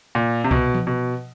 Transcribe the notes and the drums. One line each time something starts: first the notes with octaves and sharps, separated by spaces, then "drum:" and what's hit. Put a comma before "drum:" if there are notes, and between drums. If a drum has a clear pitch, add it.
A#2
C3
B2, drum: kick C2
drum: tom F3
B2